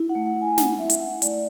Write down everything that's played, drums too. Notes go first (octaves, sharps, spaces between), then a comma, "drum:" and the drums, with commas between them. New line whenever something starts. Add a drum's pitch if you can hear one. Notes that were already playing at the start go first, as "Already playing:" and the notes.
Already playing: E4
F#5
A3
F#5
A3 G#5
E4 F#5, drum: snare
E4 E5
drum: hi-hat
A3 F#5
A3 D5, drum: hi-hat